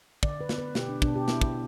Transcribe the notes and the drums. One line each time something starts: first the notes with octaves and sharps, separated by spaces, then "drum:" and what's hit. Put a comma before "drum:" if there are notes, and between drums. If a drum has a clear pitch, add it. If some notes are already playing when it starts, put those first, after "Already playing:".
D3 D5, drum: kick
B4
B3, drum: snare
B4
B2 G4, drum: snare
D4
B2 D4, drum: kick
G4
B3 E4, drum: snare
drum: kick